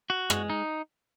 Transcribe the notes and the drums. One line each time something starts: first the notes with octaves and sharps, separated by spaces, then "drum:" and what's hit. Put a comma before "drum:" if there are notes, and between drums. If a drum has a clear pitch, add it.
F#4
G#3, drum: rim click
D#4